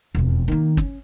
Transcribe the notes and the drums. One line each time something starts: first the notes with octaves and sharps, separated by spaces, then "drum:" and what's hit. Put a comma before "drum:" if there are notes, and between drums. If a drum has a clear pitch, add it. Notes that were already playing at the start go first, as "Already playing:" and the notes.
E1 F2
D#3 A#3
C#4, drum: kick